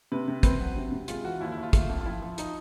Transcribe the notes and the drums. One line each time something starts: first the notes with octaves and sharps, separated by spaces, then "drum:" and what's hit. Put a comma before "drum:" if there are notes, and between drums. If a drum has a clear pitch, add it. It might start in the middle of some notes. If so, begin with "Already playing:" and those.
C3 B4
C3
C4 B4, drum: kick, hi-hat
F#3
C3
C3
G#3 F4, drum: hi-hat
E3 F#4
D#2 E4
E4
D#2
F4
A3, drum: kick, hi-hat
F2
F4
F3 E4
F3
D#4, drum: hi-hat